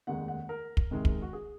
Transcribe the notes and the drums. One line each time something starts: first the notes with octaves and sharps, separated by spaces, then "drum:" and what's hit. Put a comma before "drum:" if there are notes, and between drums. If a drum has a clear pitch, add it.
F1 D#2 D#3 G#3 F#5
F#5
A#4
drum: kick
C#2 C3 D#3 G#3 D#4
drum: kick
F#4
G#4